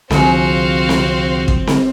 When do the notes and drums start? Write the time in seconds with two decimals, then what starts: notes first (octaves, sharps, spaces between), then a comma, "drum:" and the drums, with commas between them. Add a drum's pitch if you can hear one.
0.11 C2 D3 F3 C4 F#4 G#4 C5 F5, drum: snare C4
0.89 drum: snare C4
1.48 drum: kick
1.67 drum: snare C4